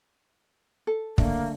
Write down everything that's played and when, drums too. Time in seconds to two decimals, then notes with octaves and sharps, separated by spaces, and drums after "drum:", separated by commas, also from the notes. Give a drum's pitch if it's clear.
0.87 A4
1.18 D3 A3 A#3, drum: kick